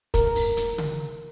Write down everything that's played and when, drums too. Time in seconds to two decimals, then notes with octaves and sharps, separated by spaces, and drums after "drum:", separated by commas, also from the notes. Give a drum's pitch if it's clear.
0.14 A#4, drum: kick, hi-hat
0.35 drum: open hi-hat
0.57 drum: hi-hat
0.78 drum: tom C#3